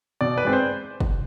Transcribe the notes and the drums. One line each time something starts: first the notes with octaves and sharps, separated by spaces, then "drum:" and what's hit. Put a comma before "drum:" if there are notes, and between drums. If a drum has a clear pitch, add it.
B2 D5
B4
G#3 C4 D5
C5
drum: kick